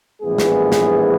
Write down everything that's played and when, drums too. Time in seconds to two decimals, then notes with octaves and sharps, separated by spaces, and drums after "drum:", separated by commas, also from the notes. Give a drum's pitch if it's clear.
0.21 A#1 A2 E3 G3 B3 G#4
0.38 drum: snare
0.72 drum: snare